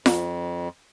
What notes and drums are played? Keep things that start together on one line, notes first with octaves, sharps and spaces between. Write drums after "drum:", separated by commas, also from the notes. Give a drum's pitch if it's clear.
F2, drum: snare F4